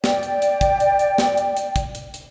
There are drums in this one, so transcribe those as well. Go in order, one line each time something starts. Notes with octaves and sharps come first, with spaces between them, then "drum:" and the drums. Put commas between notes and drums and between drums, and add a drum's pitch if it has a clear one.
D5 G5, drum: snare
drum: hi-hat
drum: hi-hat
drum: kick, hi-hat
drum: hi-hat
drum: hi-hat
drum: snare
drum: hi-hat
drum: hi-hat
drum: kick, hi-hat
drum: hi-hat
drum: hi-hat